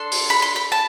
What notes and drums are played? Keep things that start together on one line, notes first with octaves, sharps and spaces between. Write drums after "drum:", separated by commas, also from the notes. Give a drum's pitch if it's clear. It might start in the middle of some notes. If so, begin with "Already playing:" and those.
Already playing: D4 A4 C6
drum: open hi-hat
B5
C6
B5
A5